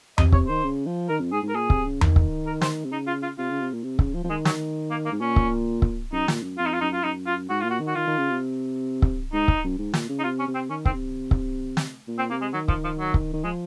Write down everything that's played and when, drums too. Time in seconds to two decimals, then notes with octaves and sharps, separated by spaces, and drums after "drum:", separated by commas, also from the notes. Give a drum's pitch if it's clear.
0.18 C3 D#5, drum: tom E2
0.32 C3 C#5, drum: kick C#1
0.48 D#3 C5
0.64 C#3
0.86 F3
1.09 D#3 A#4
1.20 F2
1.32 G#2 G#4
1.43 G#2
1.49 A#4
1.55 A#2 G#4
1.70 C3, drum: kick C#1
1.85 C#3
2.01 D#3, drum: tom E2
2.16 drum: kick C#1
2.47 A#4
2.61 C5, drum: snare
2.85 C3
2.92 C#3 D#4
3.07 F4
3.23 F4
3.38 C3 F4
3.50 C#3
3.61 C3
3.73 A#2
3.84 C3
3.99 C#3, drum: kick C#1
4.14 F3
4.24 F3
4.30 D#3 G#3
4.45 F#3, drum: snare
4.91 A#3
5.06 A#3
5.12 G#2
5.21 A#2 C#4
5.36 drum: kick C#1
5.82 drum: kick C#1
6.12 F#2 D#4
6.28 A#2, drum: snare
6.43 F#2
6.58 F2 F4
6.66 D#4
6.73 F4
6.81 F#2 D#4
6.94 F4
7.04 F#2 D#4
7.27 F4
7.50 G#2 F#4
7.61 A#2 F4
7.70 F#4
7.80 D#3
7.87 F#4
7.95 D#3 F4
8.07 D#3
8.18 C#3
8.30 C3
9.02 drum: kick C#1
9.33 G#2 D#4
9.48 drum: kick C#1
9.64 F#2
9.78 G#2
9.94 A#2, drum: snare
10.09 C#3
10.19 D#4
10.24 C3 F4
10.40 C#4
10.48 C3
10.55 C4
10.69 D#3 C#4
10.85 C4, drum: kick C#1
10.94 C3
11.31 drum: kick C#1
11.77 drum: snare
12.08 A#2
12.19 C4
12.30 C3 A#3
12.41 G#3
12.53 D#3 F#3
12.68 F3, drum: kick C#1
12.84 F3
12.99 F#3
13.14 drum: kick C#1
13.33 D#3
13.44 F3 G#3